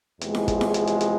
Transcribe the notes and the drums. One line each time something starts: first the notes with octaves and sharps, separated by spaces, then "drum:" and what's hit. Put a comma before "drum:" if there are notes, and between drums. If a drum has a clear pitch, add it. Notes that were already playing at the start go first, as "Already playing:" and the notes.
E2 C3 F3 G#3, drum: hi-hat
drum: snare E4
drum: kick, hi-hat
drum: snare E4
drum: hi-hat
drum: hi-hat
drum: hi-hat